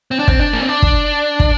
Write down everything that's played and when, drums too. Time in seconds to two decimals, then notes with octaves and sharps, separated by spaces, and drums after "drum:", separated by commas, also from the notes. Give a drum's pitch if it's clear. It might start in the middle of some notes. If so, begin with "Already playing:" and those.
0.11 C4
0.19 D4
0.28 C4, drum: kick
0.39 D4
0.53 A#3
0.60 C4
0.68 D4
0.82 drum: kick
1.40 drum: kick